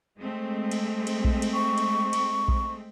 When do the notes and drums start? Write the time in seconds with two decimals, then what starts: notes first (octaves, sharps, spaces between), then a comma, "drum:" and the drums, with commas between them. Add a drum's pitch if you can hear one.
0.18 G#3 A3 C4
0.71 drum: cymbal
1.07 drum: cymbal
1.25 drum: kick A#1
1.42 drum: cymbal
1.54 C#6
1.78 drum: cymbal
2.13 drum: cymbal
2.48 drum: kick A#1